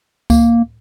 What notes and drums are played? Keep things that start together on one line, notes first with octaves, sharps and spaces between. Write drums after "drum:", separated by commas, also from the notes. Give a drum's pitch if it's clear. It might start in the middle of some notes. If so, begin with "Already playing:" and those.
A#3, drum: kick C#2, tambourine